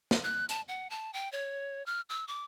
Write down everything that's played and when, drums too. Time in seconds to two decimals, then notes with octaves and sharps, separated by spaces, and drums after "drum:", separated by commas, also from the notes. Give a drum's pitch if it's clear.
0.11 drum: snare
0.24 F#6
0.49 A5, drum: hi-hat
0.68 F#5
0.90 A5
1.14 G5
1.32 C#5
1.86 F6
2.10 E6
2.28 D6